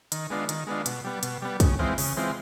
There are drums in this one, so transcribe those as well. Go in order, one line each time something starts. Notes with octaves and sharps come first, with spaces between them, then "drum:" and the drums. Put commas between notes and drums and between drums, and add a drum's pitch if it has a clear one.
D#3, drum: hi-hat
G#3 B3 D4 F4
D#3, drum: hi-hat
G#3 B3 D4 F4
B2, drum: hi-hat
G3 B3
B2, drum: hi-hat
G3 B3
C#3, drum: kick, hi-hat
E3 G#3 C4 F4
C#3, drum: open hi-hat
E3 G#3 C4 F4